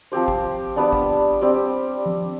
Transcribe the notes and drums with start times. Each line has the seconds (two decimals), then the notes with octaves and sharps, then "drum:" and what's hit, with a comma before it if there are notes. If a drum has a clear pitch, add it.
0.12 F3 C4 G4 C5
0.28 drum: kick G#1
0.76 G3 B3 D4
0.93 drum: kick G#1
1.41 G3 C4 G4
2.06 drum: tom F3